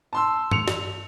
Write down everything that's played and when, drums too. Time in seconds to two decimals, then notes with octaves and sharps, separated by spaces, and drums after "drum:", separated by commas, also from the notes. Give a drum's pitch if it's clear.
0.13 A5 C6 E6
0.51 C#7 F7, drum: tom G2
0.68 drum: snare